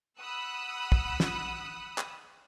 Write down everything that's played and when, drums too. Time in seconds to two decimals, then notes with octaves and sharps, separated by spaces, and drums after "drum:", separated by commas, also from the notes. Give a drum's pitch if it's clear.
0.20 F#5 B5 D#6 E6 F#6
0.92 drum: kick
1.20 drum: snare
1.98 drum: clap